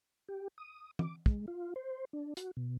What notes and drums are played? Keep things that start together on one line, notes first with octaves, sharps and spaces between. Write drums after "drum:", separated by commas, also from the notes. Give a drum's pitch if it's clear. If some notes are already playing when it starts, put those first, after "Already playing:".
G4
D#6
D6, drum: tom E3
G#3, drum: kick
F4
C5
D4
F#4, drum: hi-hat
B2